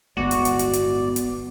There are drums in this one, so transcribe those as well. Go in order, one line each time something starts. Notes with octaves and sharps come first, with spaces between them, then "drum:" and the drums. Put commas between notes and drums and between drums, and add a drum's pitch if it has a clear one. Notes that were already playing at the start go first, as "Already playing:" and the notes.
D1 G1 G#3 B3 F#4 D5
drum: hi-hat
drum: hi-hat
drum: hi-hat
drum: hi-hat
drum: hi-hat